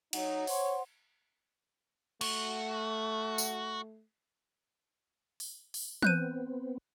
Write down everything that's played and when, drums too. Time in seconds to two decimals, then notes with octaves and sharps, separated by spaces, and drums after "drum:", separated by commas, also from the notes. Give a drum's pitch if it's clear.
0.13 F#3 D#4 C#5 F#5, drum: cymbal
0.47 C5 C#5 F#5 C6, drum: open hi-hat
2.21 A3 F#4, drum: cymbal
3.38 drum: tambourine
5.40 drum: open hi-hat
5.74 drum: open hi-hat
6.02 B3 C4 F#6 G6 D#7, drum: tom E3